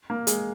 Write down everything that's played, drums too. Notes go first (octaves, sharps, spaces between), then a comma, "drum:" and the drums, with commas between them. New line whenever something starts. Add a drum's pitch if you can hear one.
A#3
G#3, drum: hi-hat